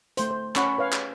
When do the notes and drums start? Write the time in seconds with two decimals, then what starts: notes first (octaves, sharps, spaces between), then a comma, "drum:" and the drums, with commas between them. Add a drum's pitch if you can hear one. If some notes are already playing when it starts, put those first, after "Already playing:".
0.17 A3 C5, drum: hi-hat
0.31 C5
0.56 C#4 F#5 B5 C#6, drum: clap
0.78 B4 C#5 F5
0.93 drum: clap